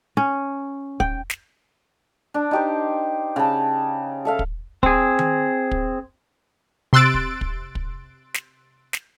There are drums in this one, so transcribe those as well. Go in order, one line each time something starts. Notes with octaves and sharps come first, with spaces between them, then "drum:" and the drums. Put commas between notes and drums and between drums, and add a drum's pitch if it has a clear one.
C#4
G5, drum: kick
drum: snare
D4
D#4 G4 C5
C#3 A5
A4 E5 F5
drum: kick
C4 G#4, drum: kick
drum: tom D#3
drum: kick
C3 C6 E6 F#6 A6 D7
drum: kick
drum: kick
drum: kick
drum: snare
drum: snare